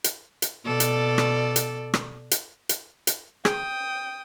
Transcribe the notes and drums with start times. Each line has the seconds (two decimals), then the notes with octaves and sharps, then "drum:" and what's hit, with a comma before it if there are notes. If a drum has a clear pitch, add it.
0.04 drum: hi-hat
0.42 drum: hi-hat
0.64 B2 A4 D5
0.80 drum: hi-hat
1.18 drum: rim click
1.56 drum: hi-hat
1.94 drum: rim click
2.31 drum: hi-hat
2.69 drum: hi-hat
3.07 drum: hi-hat
3.45 G#4 G5 D#6, drum: rim click